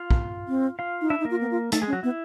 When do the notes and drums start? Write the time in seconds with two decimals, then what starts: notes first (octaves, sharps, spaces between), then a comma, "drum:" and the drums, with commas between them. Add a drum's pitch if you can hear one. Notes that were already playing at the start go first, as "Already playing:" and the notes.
Already playing: F4 F5
0.11 drum: kick
0.48 C4
0.79 F4 F5
1.01 D#4
1.10 D4 E4 E5
1.20 D#4
1.25 A#3 A#4
1.31 F4
1.41 B3
1.51 F4
1.72 A3 D#4 A4, drum: hi-hat
1.82 G#3 G#4
1.87 C#4
1.93 F#3 F#4
2.03 B3 E4